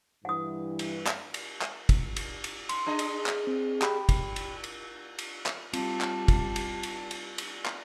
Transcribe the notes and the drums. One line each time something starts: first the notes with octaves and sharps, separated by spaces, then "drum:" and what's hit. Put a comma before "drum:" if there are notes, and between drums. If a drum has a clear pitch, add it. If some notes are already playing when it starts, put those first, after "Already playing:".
G2 E3 F#5 D#6
drum: cymbal
drum: clap
drum: cymbal
drum: clap
drum: kick, cymbal
drum: cymbal
drum: cymbal
C6, drum: cymbal
D4 G#4 D#5
drum: cymbal
drum: clap
C4
G4 G5 B5, drum: clap
drum: kick, cymbal
drum: cymbal
drum: cymbal
drum: cymbal
drum: clap
G3 C4 F4 A5, drum: cymbal
drum: clap
drum: kick, cymbal
drum: cymbal
drum: cymbal
drum: cymbal
drum: cymbal
drum: clap